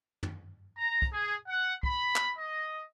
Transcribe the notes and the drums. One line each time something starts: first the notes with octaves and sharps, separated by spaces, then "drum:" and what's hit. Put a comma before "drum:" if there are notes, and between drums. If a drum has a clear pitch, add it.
drum: tom
A#5
drum: kick
G#4
F#5
B5, drum: kick
drum: clap
D#5